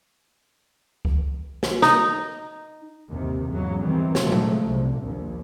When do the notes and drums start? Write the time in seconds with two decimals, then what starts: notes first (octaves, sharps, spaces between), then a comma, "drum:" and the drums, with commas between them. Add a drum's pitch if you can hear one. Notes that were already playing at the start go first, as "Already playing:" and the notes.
1.05 drum: kick C2
1.63 drum: snare
1.82 D#4, drum: snare
3.09 G1 D#2 C3 D#3
3.50 E2 G#2 C#3 F#3
3.81 D#3 E3 G3 C4
4.15 A#2 C#3 F3 F#3 G#3 A3, drum: snare
4.32 drum: tom A#2
4.64 C2
5.01 A#1 D#2